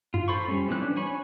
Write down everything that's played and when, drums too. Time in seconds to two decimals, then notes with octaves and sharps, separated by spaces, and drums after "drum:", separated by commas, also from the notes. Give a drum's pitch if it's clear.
0.14 F4, drum: tom F#2
0.28 A4 C5 B5 C#6
0.48 G3 C#4
0.68 E3 F3 B3 C4 F#6
0.81 C#4 D4
0.96 C#5 G#5 B5 C#6